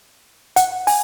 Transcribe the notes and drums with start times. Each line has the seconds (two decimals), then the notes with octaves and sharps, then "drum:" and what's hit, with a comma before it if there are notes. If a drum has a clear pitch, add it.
0.56 F#5, drum: hi-hat
0.87 G#5, drum: open hi-hat